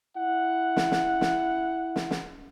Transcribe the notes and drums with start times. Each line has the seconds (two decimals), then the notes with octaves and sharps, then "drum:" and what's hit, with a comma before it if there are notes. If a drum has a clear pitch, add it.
0.17 E4 F#5
0.76 drum: snare
0.91 drum: snare
1.21 drum: snare
1.96 drum: snare
2.11 drum: snare